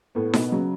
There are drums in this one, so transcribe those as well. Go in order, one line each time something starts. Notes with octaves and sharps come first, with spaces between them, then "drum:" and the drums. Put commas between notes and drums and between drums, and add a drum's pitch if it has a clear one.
A2 B3
B2 B3, drum: snare D#4
C#3 F#3